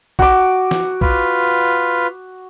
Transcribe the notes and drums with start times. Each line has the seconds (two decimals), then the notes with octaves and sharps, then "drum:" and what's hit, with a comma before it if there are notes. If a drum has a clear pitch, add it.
0.19 F#4 D6, drum: kick A#1
0.71 drum: snare
1.01 F4 B4, drum: kick A#1